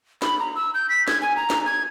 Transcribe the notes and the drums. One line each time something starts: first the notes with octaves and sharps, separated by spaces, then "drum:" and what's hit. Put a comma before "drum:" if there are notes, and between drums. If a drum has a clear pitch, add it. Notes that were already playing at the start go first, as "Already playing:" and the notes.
B5, drum: snare
A#5
E6
G6
B6
G#6, drum: snare
G#5
A#5
drum: snare
G#6